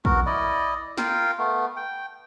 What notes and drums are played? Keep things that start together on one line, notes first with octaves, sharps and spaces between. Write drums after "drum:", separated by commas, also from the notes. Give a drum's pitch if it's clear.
B3 F#4 A#4, drum: kick
E4 D5 D#5
F4 A#4 F5 G5, drum: snare
A3 B3
G5